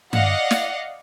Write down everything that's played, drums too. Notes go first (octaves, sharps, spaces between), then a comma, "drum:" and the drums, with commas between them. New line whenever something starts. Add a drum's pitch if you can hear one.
D5 D#5 F5 F#5, drum: tom G2
drum: snare